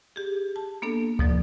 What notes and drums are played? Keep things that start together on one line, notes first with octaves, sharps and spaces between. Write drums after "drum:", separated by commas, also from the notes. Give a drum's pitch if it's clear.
G4 G#4
A5
A#3 B3 D4 A4
B2 F3 D5, drum: kick D2